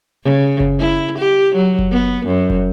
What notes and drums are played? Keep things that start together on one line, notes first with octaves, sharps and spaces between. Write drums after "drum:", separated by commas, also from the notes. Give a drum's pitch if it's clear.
C#3
drum: kick F#1
E4
G4
F#3
drum: kick F#1
B3
F#2
drum: kick F#1